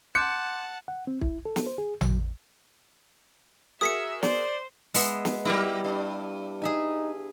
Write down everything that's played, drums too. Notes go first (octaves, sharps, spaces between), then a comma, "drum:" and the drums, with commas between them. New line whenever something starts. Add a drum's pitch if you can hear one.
F#5 A5 C6 D6 F#6 G6 C#7
F#5
C4
E4, drum: kick
A4
drum: snare
C5
G#4
F#3, drum: tom A1
F#4 G#4 A#4 E5 D#6 B6 C#7
C5 D5, drum: snare
G#3 B3 E5, drum: open hi-hat
drum: snare
F#3 G3 E4 G4 A#4
G2 D4
D#4 G#4 E5 G#5